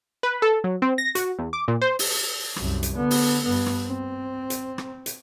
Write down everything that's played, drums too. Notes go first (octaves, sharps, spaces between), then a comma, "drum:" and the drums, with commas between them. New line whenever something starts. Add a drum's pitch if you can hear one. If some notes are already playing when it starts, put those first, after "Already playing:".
B4
A4
F#3
C4
A#6
F#4, drum: hi-hat
E2
D6
A#2
C5
drum: open hi-hat
C2 F#2, drum: rim click
drum: hi-hat
D3 B3
drum: open hi-hat
G2 B3
drum: rim click
C4
drum: hi-hat
drum: rim click
drum: hi-hat